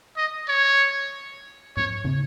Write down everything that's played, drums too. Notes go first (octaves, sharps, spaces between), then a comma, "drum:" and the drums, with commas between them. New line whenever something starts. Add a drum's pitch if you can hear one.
D#5
C#5
C#5, drum: tom G#2
drum: tom